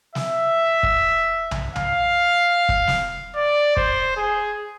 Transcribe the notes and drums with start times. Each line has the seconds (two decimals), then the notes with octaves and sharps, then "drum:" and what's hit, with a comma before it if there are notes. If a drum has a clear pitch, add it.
0.15 E5, drum: snare
0.83 drum: kick
1.51 drum: tom B1
1.76 F5, drum: tom B1
2.69 drum: kick
2.87 drum: snare
3.36 D5
3.77 C5, drum: kick
4.16 G#4